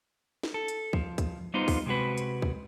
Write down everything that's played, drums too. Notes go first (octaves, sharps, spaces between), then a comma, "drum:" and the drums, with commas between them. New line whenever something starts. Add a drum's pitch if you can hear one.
drum: snare
A4
drum: hi-hat
F3, drum: kick C#2
drum: kick C#2, hi-hat
G3 B3 D#4 F4 C5
drum: kick C#2, open hi-hat
C3 G#3 C4 F#4 B4
drum: hi-hat
drum: kick C#2